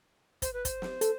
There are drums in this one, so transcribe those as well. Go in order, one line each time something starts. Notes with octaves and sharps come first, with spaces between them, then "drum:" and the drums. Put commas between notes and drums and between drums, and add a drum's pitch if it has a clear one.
C5, drum: kick, hi-hat
B4
C5, drum: kick, hi-hat
drum: snare
A4, drum: hi-hat